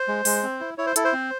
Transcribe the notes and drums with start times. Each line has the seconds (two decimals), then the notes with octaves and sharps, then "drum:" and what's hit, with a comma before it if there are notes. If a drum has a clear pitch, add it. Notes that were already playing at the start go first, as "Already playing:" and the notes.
Already playing: C5
0.08 G#3
0.25 G#3, drum: open hi-hat
0.43 C4
0.60 E4
0.78 E4 C#5
0.87 C5
0.96 E4 A4, drum: hi-hat
1.04 C5
1.13 C4